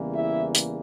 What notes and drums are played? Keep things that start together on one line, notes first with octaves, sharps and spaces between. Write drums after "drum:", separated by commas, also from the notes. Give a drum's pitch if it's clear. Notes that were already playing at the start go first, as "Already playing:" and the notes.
Already playing: E2 C#3 E3 G3 A#3
E4 E5
drum: hi-hat